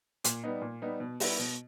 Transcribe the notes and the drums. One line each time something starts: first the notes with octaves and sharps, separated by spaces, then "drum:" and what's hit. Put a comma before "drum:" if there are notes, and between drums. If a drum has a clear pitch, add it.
A#2, drum: hi-hat
G3 B3 D#4
A#2
G3 B3 D#4
B2
G3 B3 E4, drum: open hi-hat
B2